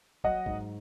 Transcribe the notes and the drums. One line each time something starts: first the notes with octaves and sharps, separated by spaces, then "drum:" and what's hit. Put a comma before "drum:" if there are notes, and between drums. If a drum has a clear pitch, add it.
F#3 D#5 F#5, drum: kick
G#2, drum: kick